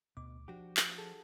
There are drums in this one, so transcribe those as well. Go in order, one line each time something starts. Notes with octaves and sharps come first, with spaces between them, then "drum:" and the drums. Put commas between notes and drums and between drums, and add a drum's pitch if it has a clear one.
D2 B2 D6
F3 D4 F#4 G4
drum: clap
G#4 A4 A5